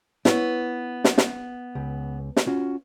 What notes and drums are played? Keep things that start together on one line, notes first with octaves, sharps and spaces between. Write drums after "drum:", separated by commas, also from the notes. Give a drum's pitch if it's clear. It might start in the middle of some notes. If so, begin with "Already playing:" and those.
B3 E4 C#5, drum: snare
drum: snare
drum: snare
C#2
drum: snare
C#4 F4 F#4